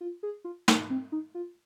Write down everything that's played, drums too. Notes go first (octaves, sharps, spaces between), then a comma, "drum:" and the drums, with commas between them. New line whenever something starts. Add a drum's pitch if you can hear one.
F4
G#4
F4
D#4, drum: snare
C4
D#4
F4